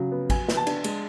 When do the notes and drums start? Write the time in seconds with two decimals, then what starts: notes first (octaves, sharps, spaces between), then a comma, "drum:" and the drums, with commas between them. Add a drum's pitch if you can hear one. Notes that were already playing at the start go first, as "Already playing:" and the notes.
Already playing: C#3 F#3
0.12 B3
0.30 F#3 G#5, drum: kick A1, cymbal
0.48 B3, drum: snare
0.57 A5
0.67 D4, drum: cymbal
0.84 G#3, drum: cymbal